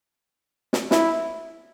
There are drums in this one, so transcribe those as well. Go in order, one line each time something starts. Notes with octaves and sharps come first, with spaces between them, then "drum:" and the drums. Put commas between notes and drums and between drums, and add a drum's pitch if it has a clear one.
drum: snare
E4, drum: snare